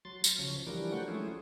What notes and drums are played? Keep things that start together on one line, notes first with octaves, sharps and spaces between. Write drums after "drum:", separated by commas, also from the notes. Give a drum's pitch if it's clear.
F#3 C6 A6
F6, drum: tambourine
C#3 F3 C#5
E3 F3 G3 D4 A#4
F#3 A3 D4 F#5 G5 C#6
F3 G#3 A3 C#4 E4 G#4